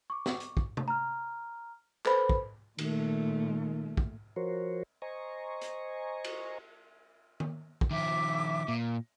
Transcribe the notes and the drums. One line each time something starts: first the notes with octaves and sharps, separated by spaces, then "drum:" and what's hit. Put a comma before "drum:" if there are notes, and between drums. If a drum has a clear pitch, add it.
C#6 D6
drum: snare
drum: hi-hat
drum: kick
drum: tom C3
A#5 F6
A4 B4 C5 B5, drum: clap
drum: kick
A#2 D#3 A3, drum: cymbal
drum: kick
F3 F#4 A#4 C5 C#5
C5 D#5 G#5 A#5 C#6
drum: hi-hat
drum: cymbal
drum: tom D#3
drum: kick
D#3 F3 E5 D6
A#2